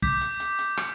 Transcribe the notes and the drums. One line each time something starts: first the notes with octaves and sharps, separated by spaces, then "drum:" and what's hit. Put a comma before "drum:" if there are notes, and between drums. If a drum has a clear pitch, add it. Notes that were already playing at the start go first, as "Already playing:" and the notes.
D6 G6 B6, drum: kick
drum: hi-hat
drum: hi-hat
drum: hi-hat
drum: rim click